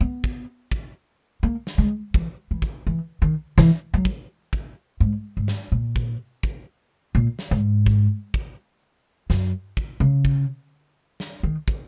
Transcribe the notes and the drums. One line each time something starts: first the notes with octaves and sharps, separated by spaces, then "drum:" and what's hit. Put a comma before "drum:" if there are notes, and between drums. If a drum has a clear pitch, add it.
B3
drum: kick
drum: kick
A#3
drum: snare
G#3
E3, drum: kick
E3
drum: kick
E3
D#3
E3, drum: snare
F#3
drum: kick
drum: kick
G#2
G#2
drum: snare
A#2
drum: kick
drum: kick
A#2
drum: snare
G#2
drum: kick
drum: kick
F#2, drum: snare
drum: kick
C#3
drum: kick
drum: snare
D#3
drum: kick